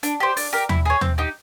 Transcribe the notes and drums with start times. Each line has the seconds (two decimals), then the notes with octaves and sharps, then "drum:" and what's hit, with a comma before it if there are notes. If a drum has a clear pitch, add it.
0.03 D4, drum: hi-hat
0.20 G4 C5
0.37 D4, drum: open hi-hat
0.53 G4 A#4
0.69 E4, drum: tom
0.85 G#4 C#5
1.01 C4, drum: tom
1.18 D#4 G4